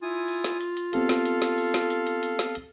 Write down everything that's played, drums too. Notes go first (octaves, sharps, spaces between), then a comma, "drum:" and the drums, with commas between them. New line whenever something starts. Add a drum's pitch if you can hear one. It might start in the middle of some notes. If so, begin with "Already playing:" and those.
E4 F4 G#5 D#6
drum: open hi-hat
drum: snare
drum: hi-hat
drum: hi-hat
B3 C4 G4 A4 F5, drum: hi-hat
drum: snare
drum: hi-hat
drum: snare
drum: open hi-hat
drum: snare
drum: hi-hat
drum: hi-hat
drum: hi-hat
drum: snare
drum: hi-hat